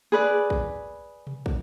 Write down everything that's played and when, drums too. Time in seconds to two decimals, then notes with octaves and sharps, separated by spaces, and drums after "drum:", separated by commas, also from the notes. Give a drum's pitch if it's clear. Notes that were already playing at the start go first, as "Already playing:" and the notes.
0.12 G#4 B4 D5
0.50 drum: kick
1.27 drum: tom B2
1.46 drum: kick